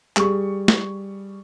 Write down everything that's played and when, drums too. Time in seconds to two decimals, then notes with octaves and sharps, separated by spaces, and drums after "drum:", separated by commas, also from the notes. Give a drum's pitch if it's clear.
0.16 G3 G#4 C#6, drum: clap
0.68 drum: snare